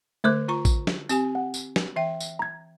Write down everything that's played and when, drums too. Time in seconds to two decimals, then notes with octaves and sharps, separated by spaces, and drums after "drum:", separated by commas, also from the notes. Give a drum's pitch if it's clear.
0.24 D3 A3 C5 D6 F#6 G6
0.48 F4 A#5 C#6
0.65 drum: kick A1, tambourine
0.87 drum: snare
1.09 C4 G4 G#5, drum: tambourine
1.35 F#5
1.54 drum: tambourine
1.76 drum: snare
1.96 E3 E5 G5
2.20 drum: tambourine
2.39 A#5 G#6